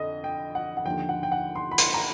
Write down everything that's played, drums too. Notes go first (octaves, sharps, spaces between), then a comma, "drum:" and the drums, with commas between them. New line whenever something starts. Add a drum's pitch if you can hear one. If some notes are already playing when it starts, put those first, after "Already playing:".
Already playing: F2 D3 D#5
G5
F#5
F#5
D#2 D3 F3 G5
F#5
G5
F#5
C6
B5
C6, drum: hi-hat
A#5